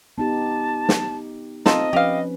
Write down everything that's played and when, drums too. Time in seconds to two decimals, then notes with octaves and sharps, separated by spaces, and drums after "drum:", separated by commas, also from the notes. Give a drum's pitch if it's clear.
0.18 B3 D#4 G4 A5
0.89 drum: snare
1.66 C4 D#4 F4 A4 D#5, drum: snare
1.93 F3 C#4 G4 B4 F5